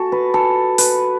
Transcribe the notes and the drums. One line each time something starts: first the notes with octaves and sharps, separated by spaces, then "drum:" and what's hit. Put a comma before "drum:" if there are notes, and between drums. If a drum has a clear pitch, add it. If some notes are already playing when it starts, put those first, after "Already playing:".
Already playing: F#4 A4
B4
A4
B4, drum: open hi-hat